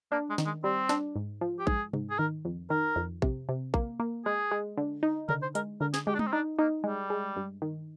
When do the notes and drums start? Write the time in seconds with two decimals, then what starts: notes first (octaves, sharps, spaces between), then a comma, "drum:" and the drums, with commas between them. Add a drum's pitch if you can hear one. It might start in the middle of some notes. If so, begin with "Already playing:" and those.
0.12 A#3 D4
0.30 G#3
0.38 D#3, drum: snare
0.46 G#3
0.64 G3 C4
0.89 D4, drum: snare
1.16 G#2
1.41 F3
1.59 G4
1.67 G#2 G#4, drum: kick A#1
1.93 G#2, drum: tom C3
2.10 G#4
2.18 D#3 A#4
2.45 F2
2.70 D#3 A#4
2.96 F2
3.22 C3, drum: kick A#1
3.49 C3
3.74 A#3, drum: kick A#1
4.00 A#3
4.26 G#3 G#4
4.51 G#3
4.77 D3
5.03 D#4
5.29 D3 A#4, drum: tom C3
5.42 C5
5.55 G#3 A#4, drum: hi-hat
5.81 D3 A#4
5.94 G#4, drum: snare
6.07 G#3 G4
6.14 D4
6.19 D#4, drum: tom
6.27 C4
6.32 D4 D#4
6.59 A#3 D#4
6.84 G3 G#3
7.10 G#3
7.36 G2
7.62 D#3